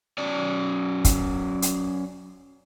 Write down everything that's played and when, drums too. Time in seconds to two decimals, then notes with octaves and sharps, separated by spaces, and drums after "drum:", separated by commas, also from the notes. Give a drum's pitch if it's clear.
0.18 F#3 C#4 D5
1.05 drum: kick, hi-hat
1.62 drum: hi-hat